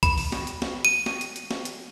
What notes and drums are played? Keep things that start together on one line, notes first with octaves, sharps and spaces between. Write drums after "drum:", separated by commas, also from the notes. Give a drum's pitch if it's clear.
B5, drum: kick C2, hi-hat
drum: open hi-hat
drum: snare
drum: hi-hat
drum: snare
D#7
drum: snare
drum: hi-hat
drum: hi-hat
drum: snare
drum: hi-hat